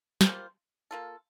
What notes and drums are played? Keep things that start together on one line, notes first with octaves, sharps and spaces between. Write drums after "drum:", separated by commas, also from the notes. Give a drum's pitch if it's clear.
G3 A#3 F4 C5, drum: snare
A#3 F4 A4